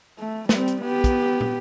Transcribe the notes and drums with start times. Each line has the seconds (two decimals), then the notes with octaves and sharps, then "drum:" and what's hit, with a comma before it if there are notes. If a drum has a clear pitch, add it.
0.19 A3
0.49 G3 C4, drum: snare
0.67 drum: hi-hat
0.81 B3 G4
1.04 drum: kick, hi-hat
1.41 drum: tom